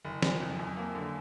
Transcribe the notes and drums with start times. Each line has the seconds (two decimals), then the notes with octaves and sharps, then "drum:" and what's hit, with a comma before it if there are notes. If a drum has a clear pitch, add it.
0.05 F#1
0.22 F#1, drum: snare
0.41 F2
0.59 F#2
0.77 A#3
0.95 D3